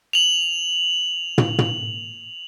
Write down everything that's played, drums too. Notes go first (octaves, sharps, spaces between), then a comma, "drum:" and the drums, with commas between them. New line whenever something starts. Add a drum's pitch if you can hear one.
F7 F#7
drum: tom
drum: tom